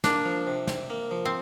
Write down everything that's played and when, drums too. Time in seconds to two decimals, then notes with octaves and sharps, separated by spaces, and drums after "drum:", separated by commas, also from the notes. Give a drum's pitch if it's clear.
0.04 A#3 D4, drum: snare
0.25 F3
0.47 C3
0.67 C3, drum: snare
0.90 A#3
1.11 F3
1.25 C4